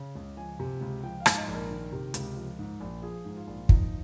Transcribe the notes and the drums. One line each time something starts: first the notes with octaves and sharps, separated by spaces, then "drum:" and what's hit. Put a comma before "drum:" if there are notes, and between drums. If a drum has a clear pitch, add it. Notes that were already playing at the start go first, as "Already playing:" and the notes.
Already playing: C#3
C#2
F3 G#5
C3
C#2
F3 G5
F5
G#2, drum: rim click
D#5
A#1
A#4
D#3
C3
C#2, drum: hi-hat
F3
G#2
A#1
F3 G#4
G#2
F4
A#1
F3 D#4, drum: kick